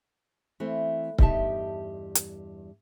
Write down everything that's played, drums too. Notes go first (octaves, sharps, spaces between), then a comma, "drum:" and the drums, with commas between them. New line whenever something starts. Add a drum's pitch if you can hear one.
E3 A3 C4
E2 G2 D#4 G4 E5 A5, drum: kick C#1
drum: hi-hat